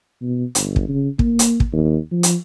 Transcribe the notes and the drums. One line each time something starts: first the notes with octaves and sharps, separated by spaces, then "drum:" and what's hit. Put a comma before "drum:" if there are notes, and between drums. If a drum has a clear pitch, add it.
B2
G1, drum: hi-hat
drum: kick
C#3
A#3, drum: kick
drum: hi-hat
drum: kick
D#2
F3
drum: hi-hat